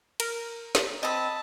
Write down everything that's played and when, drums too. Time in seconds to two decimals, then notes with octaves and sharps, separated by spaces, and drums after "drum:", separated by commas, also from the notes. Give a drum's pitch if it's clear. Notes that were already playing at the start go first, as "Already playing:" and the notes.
0.20 A#4, drum: cymbal
0.75 drum: snare
1.03 C4 D#5 A5 B5